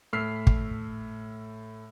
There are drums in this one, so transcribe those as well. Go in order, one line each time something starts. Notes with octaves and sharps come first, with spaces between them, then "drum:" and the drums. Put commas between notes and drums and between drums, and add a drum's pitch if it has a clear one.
A2 A4 E6 F6 B6 C7
drum: kick